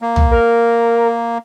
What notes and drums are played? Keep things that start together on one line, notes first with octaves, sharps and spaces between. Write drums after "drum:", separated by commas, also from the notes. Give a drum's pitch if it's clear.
A#3
drum: tom
A#4